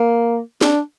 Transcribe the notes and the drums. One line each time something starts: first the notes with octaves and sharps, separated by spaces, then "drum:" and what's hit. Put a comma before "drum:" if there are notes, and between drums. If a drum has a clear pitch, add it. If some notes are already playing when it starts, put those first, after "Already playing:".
Already playing: A#3
D4, drum: snare